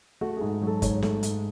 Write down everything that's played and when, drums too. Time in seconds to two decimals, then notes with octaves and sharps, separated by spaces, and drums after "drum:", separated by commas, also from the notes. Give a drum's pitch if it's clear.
0.21 A3 F#4
0.37 G#2 G#4
0.62 F#3
0.67 A4
0.82 G#2 C#5, drum: kick G1, hi-hat
1.02 A3, drum: snare
1.23 G#2, drum: hi-hat